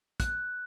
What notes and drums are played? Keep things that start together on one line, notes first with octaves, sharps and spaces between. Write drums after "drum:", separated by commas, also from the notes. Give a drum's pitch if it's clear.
F#6, drum: kick, hi-hat